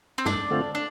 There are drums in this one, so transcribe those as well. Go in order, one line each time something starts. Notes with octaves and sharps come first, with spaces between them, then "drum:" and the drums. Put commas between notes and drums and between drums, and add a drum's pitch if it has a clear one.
C4
G2 D4, drum: snare
D3 A3 C4 F4
D4